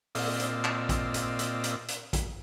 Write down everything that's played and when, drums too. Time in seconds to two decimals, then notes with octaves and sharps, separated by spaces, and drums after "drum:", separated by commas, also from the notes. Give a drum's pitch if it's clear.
0.15 A#2 C4 D5 D#5 F5 E6, drum: open hi-hat
0.40 drum: hi-hat
0.64 drum: clap
0.89 drum: kick A1, hi-hat
1.14 drum: hi-hat
1.39 drum: hi-hat
1.64 drum: hi-hat
1.88 drum: hi-hat
2.13 drum: kick A1, hi-hat